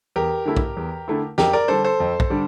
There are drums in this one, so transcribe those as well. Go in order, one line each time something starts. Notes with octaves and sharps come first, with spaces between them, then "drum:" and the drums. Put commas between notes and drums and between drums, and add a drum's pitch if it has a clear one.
E2 G4 A#4
D3 A3 E4
drum: kick B1
E2
D3 A3 E4
F2 G4 A#4, drum: snare
A#4 D5
D3 G3 D4 A4 C5
A4 C5
F2
drum: kick B1
D3 G3 D4